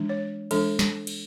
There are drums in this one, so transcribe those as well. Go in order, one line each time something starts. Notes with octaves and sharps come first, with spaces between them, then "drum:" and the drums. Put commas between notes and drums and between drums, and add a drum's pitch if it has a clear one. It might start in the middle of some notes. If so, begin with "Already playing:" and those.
Already playing: E3 G#3 D4
C#5
E3 G#3 D4 A4, drum: cymbal
drum: snare
drum: cymbal